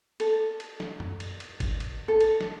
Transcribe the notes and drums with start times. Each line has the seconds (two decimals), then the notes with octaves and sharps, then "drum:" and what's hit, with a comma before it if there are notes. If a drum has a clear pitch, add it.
0.20 A4, drum: cymbal
0.60 drum: cymbal
0.80 drum: snare
1.00 drum: tom F#2
1.20 drum: cymbal
1.40 drum: cymbal
1.60 drum: kick G1, cymbal
1.80 drum: cymbal
2.08 A4
2.20 drum: cymbal
2.41 drum: snare